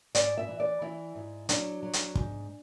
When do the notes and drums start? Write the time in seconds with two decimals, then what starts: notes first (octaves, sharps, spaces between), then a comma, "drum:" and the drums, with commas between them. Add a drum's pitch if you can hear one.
0.15 G#2 D5, drum: hi-hat
0.37 E5
0.48 E3
0.60 D5
0.81 E3 E4
1.15 G#2
1.49 F#3 D4, drum: hi-hat
1.83 F#3
1.93 drum: hi-hat
2.15 G#2, drum: kick